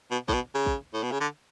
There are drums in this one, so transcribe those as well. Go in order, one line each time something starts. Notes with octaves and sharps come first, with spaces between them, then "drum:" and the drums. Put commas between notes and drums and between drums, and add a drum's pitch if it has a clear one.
B2
A2, drum: kick
B2
C#3
drum: kick
A2
B2
C#3
D3